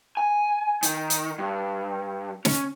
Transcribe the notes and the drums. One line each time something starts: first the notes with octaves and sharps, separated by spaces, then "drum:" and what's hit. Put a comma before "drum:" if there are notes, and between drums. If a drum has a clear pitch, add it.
G#5
D#3, drum: hi-hat
drum: hi-hat
G2
C#4, drum: snare